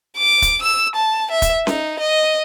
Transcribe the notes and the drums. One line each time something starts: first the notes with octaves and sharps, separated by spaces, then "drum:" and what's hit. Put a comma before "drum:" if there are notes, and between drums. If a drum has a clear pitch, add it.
D6
drum: kick, hi-hat
E6
A5
E5
drum: kick, hi-hat
D#4, drum: snare C#4
D#5